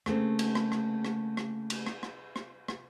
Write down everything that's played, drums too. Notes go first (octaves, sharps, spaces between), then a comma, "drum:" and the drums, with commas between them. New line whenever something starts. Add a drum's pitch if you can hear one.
C#3 A3 A#3 C4, drum: rim click
drum: cymbal
drum: rim click
drum: rim click
drum: rim click
drum: rim click
drum: cymbal
drum: rim click
drum: rim click
drum: rim click
drum: rim click